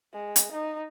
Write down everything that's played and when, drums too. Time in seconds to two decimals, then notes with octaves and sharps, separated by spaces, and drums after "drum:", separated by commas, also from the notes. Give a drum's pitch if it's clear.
0.13 G#3
0.36 drum: hi-hat
0.52 D#4